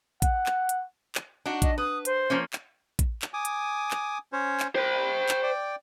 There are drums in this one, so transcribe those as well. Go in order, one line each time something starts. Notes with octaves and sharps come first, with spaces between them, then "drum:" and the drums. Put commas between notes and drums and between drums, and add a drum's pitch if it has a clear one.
F#5, drum: kick, hi-hat
drum: clap
drum: hi-hat
drum: clap
D4 D#4 F#4
D#5, drum: kick, hi-hat
B4 D#6
C5, drum: hi-hat
F3 A#3 C#4
drum: clap
drum: kick, hi-hat
drum: clap
G#5 D6 D#6
drum: hi-hat
drum: clap
C#4 C5 C#5
drum: clap
C5 G5 B5
drum: clap
D5 G5